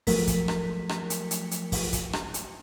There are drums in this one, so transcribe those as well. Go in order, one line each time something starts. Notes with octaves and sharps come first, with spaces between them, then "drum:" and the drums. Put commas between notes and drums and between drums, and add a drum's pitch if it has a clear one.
F3 F#3 A3 A#4 B6, drum: kick, open hi-hat
drum: kick, hi-hat
drum: rim click
drum: rim click
drum: hi-hat
drum: hi-hat
drum: hi-hat
drum: kick, open hi-hat
drum: kick, hi-hat
drum: rim click
drum: hi-hat